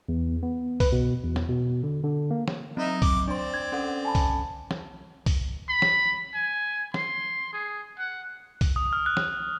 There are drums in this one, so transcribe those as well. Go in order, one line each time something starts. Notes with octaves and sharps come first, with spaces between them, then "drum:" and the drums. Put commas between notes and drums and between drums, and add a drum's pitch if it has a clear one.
E2
B3
B4, drum: kick C2, open hi-hat
B2
E2
drum: snare
B2
D3
D3
A#3
drum: snare
F#3 C4 D#4 E5
D6, drum: kick C2, open hi-hat
C4 D4 D5 C6
G#6
C#4 A4 F#5
G#5 A5 B5
drum: kick C2, open hi-hat
drum: snare
drum: kick C2, open hi-hat
B5
drum: snare
G#5
C6, drum: snare
G#4
F#5
drum: kick C2, open hi-hat
D#6
F6
F#6
drum: snare
F#6